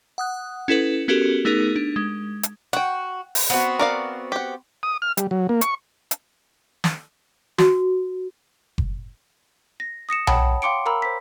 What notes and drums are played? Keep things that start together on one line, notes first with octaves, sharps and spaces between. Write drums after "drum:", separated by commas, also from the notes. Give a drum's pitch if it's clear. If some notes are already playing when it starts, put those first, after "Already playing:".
F#5 D#6 F#6
C#4 E4 A4 B4
B3 C#4 F#4 G4 A4 A#4
A3 B3 D#4 G#4 A#4
D4
G#3
drum: hi-hat
F#4 F#5 G5
drum: open hi-hat
B3 C4 F#4
A#4 D5 F5
G4 F#5
D#6
F6
G3, drum: hi-hat
F#3
A#3
C#6, drum: hi-hat
drum: hi-hat
drum: snare
F#4, drum: snare
drum: kick F#1
A#6
D#6 A#6 C#7 E7
C#5 F#5 G5 A5 B5 D#6, drum: tom B1
F5 G5 C6 D6 C#7 D7
A#4 F5 A#5 B5 E6
C5 B6